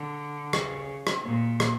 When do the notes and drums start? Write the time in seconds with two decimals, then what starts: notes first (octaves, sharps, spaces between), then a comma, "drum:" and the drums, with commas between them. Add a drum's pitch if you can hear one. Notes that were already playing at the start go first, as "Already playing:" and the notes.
Already playing: D3
0.53 C#3, drum: rim click
1.07 drum: rim click
1.24 A#2
1.60 drum: rim click